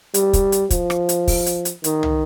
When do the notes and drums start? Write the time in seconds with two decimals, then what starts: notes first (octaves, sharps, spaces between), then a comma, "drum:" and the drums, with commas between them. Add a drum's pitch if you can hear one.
0.14 G3, drum: hi-hat
0.33 drum: kick, hi-hat
0.52 drum: hi-hat
0.70 F3, drum: kick, hi-hat
0.90 drum: rim click
1.09 drum: hi-hat
1.28 drum: kick, open hi-hat
1.46 drum: hi-hat
1.65 drum: hi-hat
1.84 D#3, drum: hi-hat
2.03 drum: tom